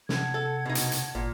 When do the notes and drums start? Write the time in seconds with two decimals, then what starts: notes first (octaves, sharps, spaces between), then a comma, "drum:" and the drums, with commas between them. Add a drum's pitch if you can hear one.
0.09 C3 F#5 A5 G#6, drum: snare
0.34 A4
0.66 B2 D#4
0.75 drum: hi-hat
0.92 drum: hi-hat
1.15 G#1 A#2